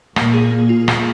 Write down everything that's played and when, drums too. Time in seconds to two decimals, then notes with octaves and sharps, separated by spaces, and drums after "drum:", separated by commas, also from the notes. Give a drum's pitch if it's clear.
0.16 A#2 A#3, drum: rim click
0.33 G#4
0.51 A#3
0.69 F4
0.88 A#3, drum: rim click